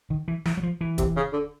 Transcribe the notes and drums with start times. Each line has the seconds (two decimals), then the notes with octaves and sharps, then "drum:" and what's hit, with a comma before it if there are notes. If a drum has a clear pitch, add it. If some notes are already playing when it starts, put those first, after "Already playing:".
0.10 D#3
0.28 E3
0.46 E3, drum: snare
0.57 F#3
0.63 F3
0.81 E3
0.98 C3, drum: kick, hi-hat
1.16 C#3
1.33 D3